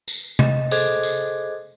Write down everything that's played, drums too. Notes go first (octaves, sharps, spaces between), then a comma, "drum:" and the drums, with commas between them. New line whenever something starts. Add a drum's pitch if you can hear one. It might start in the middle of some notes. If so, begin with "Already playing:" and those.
drum: tambourine
D#5, drum: tom C3
G#4 A4 C5 D#5 D6 G#6, drum: tambourine
drum: tambourine